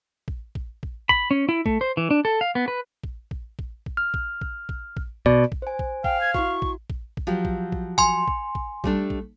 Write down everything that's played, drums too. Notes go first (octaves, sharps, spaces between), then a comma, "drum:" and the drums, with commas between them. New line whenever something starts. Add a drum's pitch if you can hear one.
drum: kick A#1
drum: kick A#1
drum: kick A#1
B5, drum: kick A#1
C#4
E4
A3, drum: kick A#1
C5
E3
D4
A4
F5
B3
B4
drum: kick A#1
drum: kick A#1
drum: kick A#1
drum: kick A#1
F6
drum: kick A#1
drum: kick A#1
drum: kick A#1
drum: kick A#1
B2 D5, drum: kick A#1
drum: kick A#1
C5 G#5
drum: kick A#1
F5 G5, drum: kick A#1
G#6
E4 F#4 C#6, drum: kick A#1
drum: kick A#1
drum: kick A#1
drum: kick A#1
F3 F#3 G4
drum: kick A#1
drum: kick A#1
G#5 C6, drum: kick A#1
drum: kick A#1
drum: kick A#1
G3 A3 D4, drum: kick A#1
drum: kick A#1